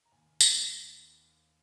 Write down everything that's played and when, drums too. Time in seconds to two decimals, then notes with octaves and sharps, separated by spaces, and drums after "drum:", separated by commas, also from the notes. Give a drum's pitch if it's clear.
0.06 A#5
0.12 D#2 G#5
0.26 D#2
0.41 D#2, drum: tambourine
0.55 D#3